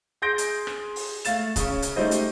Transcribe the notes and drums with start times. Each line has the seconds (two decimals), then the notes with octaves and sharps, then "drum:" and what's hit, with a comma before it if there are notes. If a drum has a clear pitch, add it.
0.22 G#4 C6 G6 A#6 D7
0.38 drum: hi-hat
0.67 drum: rim click
0.96 drum: open hi-hat
1.25 A3 F5 A6 E7, drum: hi-hat
1.56 C#3 C#4, drum: kick, hi-hat
1.82 drum: hi-hat
1.96 G3 A3 D#4 C5 D#5
2.11 drum: hi-hat